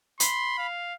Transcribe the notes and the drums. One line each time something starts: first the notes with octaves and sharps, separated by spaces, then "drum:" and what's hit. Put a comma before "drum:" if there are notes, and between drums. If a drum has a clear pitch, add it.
B5 C6, drum: hi-hat
F5